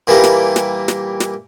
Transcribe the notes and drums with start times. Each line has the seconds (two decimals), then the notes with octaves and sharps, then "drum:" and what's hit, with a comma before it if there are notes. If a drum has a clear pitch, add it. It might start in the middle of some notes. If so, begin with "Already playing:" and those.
0.07 A#2 E3 G3 A#3
0.24 drum: snare
0.56 drum: snare
0.88 drum: snare
1.20 drum: snare